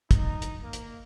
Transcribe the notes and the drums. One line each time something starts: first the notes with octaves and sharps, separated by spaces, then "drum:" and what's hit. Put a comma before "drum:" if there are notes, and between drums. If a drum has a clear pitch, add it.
D#4, drum: kick, hi-hat
drum: hi-hat
A#3
drum: hi-hat